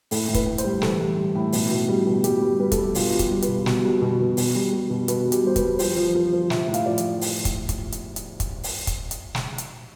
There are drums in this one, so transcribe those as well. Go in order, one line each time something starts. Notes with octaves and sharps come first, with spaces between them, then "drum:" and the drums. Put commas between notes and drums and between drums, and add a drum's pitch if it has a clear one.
A2 A4, drum: open hi-hat
A2
B4, drum: kick, hi-hat
A2
C5, drum: hi-hat
G3
E3 A4, drum: snare
G3
G3
A2
B2, drum: open hi-hat
B2
G3
B2
G3 G4, drum: hi-hat
G3
G3 B4
A4, drum: kick, hi-hat
G3
G4
B2 F4, drum: open hi-hat
G3 F4
G4, drum: kick, hi-hat
G3
B4, drum: hi-hat
B2
B2, drum: snare
G3
B2
B2
B2, drum: open hi-hat
G3
G3
B2
B2 B4, drum: hi-hat
G3
G4, drum: hi-hat
G3 C5
B4, drum: kick, hi-hat
G3
F3 C5, drum: open hi-hat
F3
F3
F3
F3 E5, drum: snare
A2
F5, drum: hi-hat
F3 D5
drum: hi-hat
drum: open hi-hat
drum: kick, hi-hat
drum: kick, hi-hat
drum: hi-hat
drum: hi-hat
drum: kick, hi-hat
drum: open hi-hat
drum: kick, hi-hat
drum: hi-hat
drum: snare
drum: hi-hat